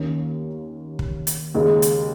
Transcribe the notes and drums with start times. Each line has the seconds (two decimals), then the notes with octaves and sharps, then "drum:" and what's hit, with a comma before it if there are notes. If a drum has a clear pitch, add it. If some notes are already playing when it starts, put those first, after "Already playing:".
Already playing: D#2 D#3 A#3 C#4
0.99 drum: kick
1.27 drum: hi-hat
1.55 D#2 C#3 G#3 D#4
1.82 drum: hi-hat